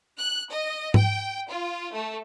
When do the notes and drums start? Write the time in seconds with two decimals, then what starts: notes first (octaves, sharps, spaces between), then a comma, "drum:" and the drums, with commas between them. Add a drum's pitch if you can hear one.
0.18 F#6
0.50 D#5
0.94 G5, drum: tom G#2
1.49 F4
1.93 A3